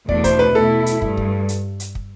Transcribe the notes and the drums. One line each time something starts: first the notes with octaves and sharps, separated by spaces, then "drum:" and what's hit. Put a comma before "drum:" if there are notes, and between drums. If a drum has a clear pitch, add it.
E2 B2 A3 D4 D5, drum: kick
C5, drum: kick, hi-hat
B4
B2 A3 E4 A4
drum: hi-hat
G2, drum: kick
drum: kick
drum: hi-hat
drum: hi-hat
drum: kick